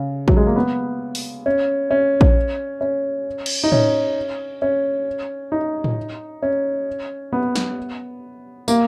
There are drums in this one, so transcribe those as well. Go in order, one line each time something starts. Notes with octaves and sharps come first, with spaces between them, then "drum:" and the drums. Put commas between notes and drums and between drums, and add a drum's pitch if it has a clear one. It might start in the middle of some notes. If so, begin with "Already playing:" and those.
Already playing: C#3
F#3, drum: kick A#1
G#3
A#3
B3
drum: open hi-hat
C#4
C#4
drum: kick A#1
C#4
drum: cymbal
D#4
C#4, drum: tom A2
C#4
D#4
drum: tom A2
C#4
B3
drum: snare
A#3, drum: tambourine